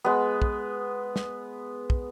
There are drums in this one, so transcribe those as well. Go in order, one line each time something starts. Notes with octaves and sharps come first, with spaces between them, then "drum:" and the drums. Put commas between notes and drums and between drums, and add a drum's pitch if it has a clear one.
G#3 B3
drum: kick
drum: snare
drum: kick